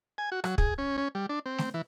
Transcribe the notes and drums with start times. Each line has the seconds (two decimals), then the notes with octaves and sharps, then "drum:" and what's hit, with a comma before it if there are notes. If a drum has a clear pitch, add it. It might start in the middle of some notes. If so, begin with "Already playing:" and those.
0.18 G#5
0.32 F#4
0.44 F#3, drum: rim click
0.58 G#4, drum: kick
0.78 C#4
0.98 C#4
1.15 G3
1.29 D4
1.46 C4
1.58 drum: snare A3
1.74 E3